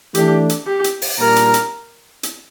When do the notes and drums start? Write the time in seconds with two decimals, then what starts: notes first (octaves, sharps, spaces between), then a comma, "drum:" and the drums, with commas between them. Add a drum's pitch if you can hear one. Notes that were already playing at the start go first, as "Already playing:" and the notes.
0.15 E3 A3 D4 G4, drum: hi-hat
0.49 drum: hi-hat
0.66 G4
0.84 drum: hi-hat
1.02 drum: open hi-hat
1.19 A#2 G3 A#3 D4 A#4
1.36 drum: hi-hat
1.54 drum: hi-hat
2.23 drum: hi-hat